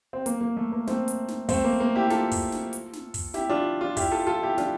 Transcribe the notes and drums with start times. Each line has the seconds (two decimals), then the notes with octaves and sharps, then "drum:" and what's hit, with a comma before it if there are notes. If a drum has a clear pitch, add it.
0.13 C4
0.26 A#3, drum: hi-hat
0.41 A#3
0.57 A3
0.72 A#3
0.87 A3 C4, drum: snare
1.08 drum: hi-hat
1.28 drum: snare
1.49 A3 C4, drum: kick, open hi-hat
1.64 A#3
1.80 A#3
1.96 E4 G4
2.10 F4 A4, drum: snare
2.31 drum: kick, open hi-hat
2.52 drum: snare
2.73 drum: hi-hat
2.93 drum: snare
3.14 drum: kick, open hi-hat
3.34 E4 G4, drum: snare
3.49 D4 F4
3.81 D4 F4
3.97 E4 G4, drum: kick, open hi-hat
4.11 F4 A4
4.27 F4 A4
4.43 E4 G4
4.58 D4 F4, drum: snare